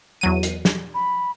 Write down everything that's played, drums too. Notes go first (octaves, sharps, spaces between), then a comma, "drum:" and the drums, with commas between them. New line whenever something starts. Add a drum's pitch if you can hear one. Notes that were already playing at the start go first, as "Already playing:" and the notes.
E2 F#3 D#7
drum: hi-hat
drum: snare
B5